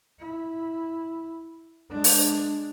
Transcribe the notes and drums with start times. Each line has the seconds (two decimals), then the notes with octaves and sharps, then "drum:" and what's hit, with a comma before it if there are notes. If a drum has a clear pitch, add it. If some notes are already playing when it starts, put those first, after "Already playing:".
0.20 E4
1.90 G#3 D4
2.04 drum: open hi-hat